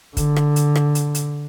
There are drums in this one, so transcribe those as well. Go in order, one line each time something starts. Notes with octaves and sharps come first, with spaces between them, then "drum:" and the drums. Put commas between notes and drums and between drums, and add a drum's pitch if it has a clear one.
D3, drum: kick, hi-hat
drum: rim click
drum: hi-hat
drum: rim click
drum: hi-hat
drum: hi-hat